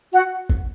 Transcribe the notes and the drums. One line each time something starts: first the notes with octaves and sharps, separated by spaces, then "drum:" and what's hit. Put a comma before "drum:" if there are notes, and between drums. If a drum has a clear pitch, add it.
F#4 F#5, drum: tambourine
drum: kick G#1